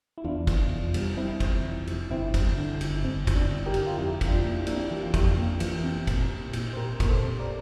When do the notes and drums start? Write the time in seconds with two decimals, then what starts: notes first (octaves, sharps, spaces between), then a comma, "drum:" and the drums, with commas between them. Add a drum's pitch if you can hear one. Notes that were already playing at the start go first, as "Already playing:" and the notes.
0.18 E4
0.24 E2 D4 F4
0.47 E2, drum: kick G1, cymbal
0.71 F1
0.94 G3, drum: cymbal
1.17 G3 C4 E4
1.40 E3, drum: kick G1, cymbal
1.64 F1
1.87 F1, drum: cymbal
2.10 G1 C4 E4
2.34 G2, drum: kick G1, cymbal
2.57 D3
2.81 G1, drum: cymbal
3.04 G1 C4
3.27 G1, drum: kick G1, cymbal
3.35 D4
3.51 G1
3.66 G4 A#4
3.74 D3, drum: cymbal
3.87 F4
3.97 F2 E4 G4
4.21 F2, drum: kick G1, cymbal
4.28 D4 F4
4.44 A#3
4.60 E4
4.67 A#3 D4, drum: cymbal
4.74 C4 E4
4.90 E3 G4
5.02 F4
5.14 F2 E4 G4, drum: kick G1, cymbal
5.37 A#3
5.60 E3, drum: cymbal
5.84 C4
6.07 A#2, drum: kick G1, cymbal
6.30 A#2
6.53 A#2, drum: cymbal
6.73 C5
6.77 A#2 G4 A#4
7.00 A#2, drum: kick G1, cymbal
7.08 A4 C5
7.24 C4
7.39 A#4 D5